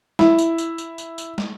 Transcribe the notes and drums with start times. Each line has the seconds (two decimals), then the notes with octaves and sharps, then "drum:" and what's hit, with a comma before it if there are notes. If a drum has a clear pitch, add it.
0.19 E4, drum: snare
0.38 drum: tambourine
0.58 drum: tambourine
0.78 drum: tambourine
0.98 drum: tambourine
1.18 drum: tambourine
1.38 drum: snare